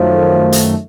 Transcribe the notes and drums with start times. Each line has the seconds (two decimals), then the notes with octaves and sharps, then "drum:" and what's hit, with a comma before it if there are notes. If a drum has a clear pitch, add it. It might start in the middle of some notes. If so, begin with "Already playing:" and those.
Already playing: F#2 D#3 F3 F#3 A3
0.52 drum: hi-hat